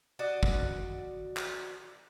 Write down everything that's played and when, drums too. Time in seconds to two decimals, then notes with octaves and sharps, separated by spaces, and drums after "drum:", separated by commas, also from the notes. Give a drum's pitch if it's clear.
0.19 F#4 D5 D#5
0.43 drum: kick
1.37 drum: clap